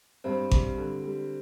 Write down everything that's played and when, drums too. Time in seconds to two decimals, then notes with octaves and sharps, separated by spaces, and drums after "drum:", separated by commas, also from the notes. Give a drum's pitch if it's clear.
0.24 G2 C4
0.51 G3, drum: kick G#1
0.78 D3
1.04 G3